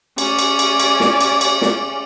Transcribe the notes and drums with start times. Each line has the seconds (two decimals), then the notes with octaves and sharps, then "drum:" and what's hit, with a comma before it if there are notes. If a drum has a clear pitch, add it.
0.18 C#4 D5, drum: cymbal
0.39 drum: cymbal
0.59 drum: cymbal
0.80 drum: cymbal
1.00 drum: snare
1.21 drum: cymbal
1.41 drum: cymbal
1.62 drum: snare